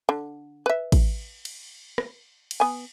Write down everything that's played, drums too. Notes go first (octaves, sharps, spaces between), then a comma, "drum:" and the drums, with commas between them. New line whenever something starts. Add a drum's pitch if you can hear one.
D3
B4 E5
drum: kick A1, cymbal
drum: cymbal
drum: rim click
drum: cymbal
B3 G#5